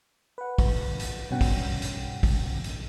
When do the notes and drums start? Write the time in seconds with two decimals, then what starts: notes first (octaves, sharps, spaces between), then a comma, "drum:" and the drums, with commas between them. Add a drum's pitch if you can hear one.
0.38 B4 F#5
0.58 drum: kick, open hi-hat
1.00 drum: hi-hat
1.30 B1 G2 B2 C#4 F#5 G5
1.41 drum: kick, open hi-hat
1.82 drum: hi-hat
2.23 drum: kick, open hi-hat
2.64 drum: hi-hat